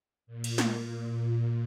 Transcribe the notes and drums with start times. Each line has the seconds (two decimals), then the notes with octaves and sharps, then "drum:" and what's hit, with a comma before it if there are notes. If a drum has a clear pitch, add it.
0.27 A#2
0.44 drum: cymbal
0.58 drum: snare
0.93 A#2